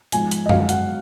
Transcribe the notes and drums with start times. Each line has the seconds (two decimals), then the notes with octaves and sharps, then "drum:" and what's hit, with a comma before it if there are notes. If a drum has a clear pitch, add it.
0.12 G#2 F3 G#5, drum: hi-hat
0.31 drum: hi-hat
0.46 D#5
0.49 G#2 F#3 F5, drum: tom F#2
0.69 F#5, drum: hi-hat